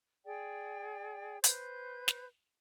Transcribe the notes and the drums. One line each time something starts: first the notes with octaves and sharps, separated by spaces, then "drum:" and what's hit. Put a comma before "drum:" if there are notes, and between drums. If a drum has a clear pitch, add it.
G#4 D5 G5
B4 C5 G6, drum: hi-hat
drum: snare